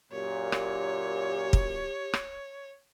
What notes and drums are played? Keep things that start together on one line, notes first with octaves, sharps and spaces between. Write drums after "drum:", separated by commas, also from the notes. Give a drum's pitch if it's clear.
F#2 A#2 G4 C#5
drum: rim click
drum: kick
drum: rim click